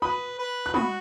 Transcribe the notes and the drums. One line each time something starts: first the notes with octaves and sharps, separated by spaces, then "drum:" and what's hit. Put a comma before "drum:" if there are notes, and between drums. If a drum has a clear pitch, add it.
B4 B5 D#6
B4
F#6
F#4 B5 D#6, drum: tom